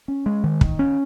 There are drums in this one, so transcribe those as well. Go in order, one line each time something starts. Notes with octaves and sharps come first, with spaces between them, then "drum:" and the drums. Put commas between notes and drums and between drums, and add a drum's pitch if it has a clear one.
C#4
G#3
D#3
D#3, drum: kick
C#4